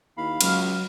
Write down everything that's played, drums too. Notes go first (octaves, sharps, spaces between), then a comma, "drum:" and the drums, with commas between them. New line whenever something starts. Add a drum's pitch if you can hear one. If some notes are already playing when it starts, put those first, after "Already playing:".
D#2 E4 F5 B5
C#2 F#3 F6, drum: cymbal